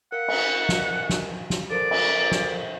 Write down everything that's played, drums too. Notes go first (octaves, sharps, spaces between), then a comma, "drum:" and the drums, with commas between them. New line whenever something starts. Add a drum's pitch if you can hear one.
A#4 F5 F#5
drum: cymbal
drum: snare
drum: snare
drum: snare
A4 A#4 C5 D5
drum: cymbal
drum: snare